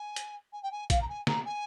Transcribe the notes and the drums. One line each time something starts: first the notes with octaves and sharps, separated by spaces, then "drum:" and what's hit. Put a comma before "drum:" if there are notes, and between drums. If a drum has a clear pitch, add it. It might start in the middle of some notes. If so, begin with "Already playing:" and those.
Already playing: G#5
drum: hi-hat
G#5
G5
G#5
F5, drum: kick, hi-hat
A#5
G#5
A#5, drum: snare
G#5